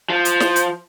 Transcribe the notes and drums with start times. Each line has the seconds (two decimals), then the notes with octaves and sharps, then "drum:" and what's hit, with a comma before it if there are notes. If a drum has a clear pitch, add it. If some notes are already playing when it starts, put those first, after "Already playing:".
0.10 F3
0.25 drum: hi-hat
0.40 drum: snare
0.56 drum: hi-hat